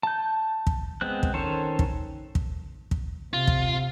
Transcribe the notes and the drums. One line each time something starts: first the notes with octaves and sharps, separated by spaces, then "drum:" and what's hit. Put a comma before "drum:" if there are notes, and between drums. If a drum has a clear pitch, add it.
A5 G6
drum: kick
G#3 B3 C4 F#6
drum: kick
D#3 C#4 A4 C5 C#5
drum: kick
drum: kick
drum: kick
C3 F4
drum: kick